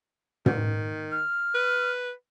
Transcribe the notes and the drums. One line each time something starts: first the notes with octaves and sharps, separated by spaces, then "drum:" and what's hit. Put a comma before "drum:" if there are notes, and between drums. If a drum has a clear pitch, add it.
D#3, drum: tom
F6
B4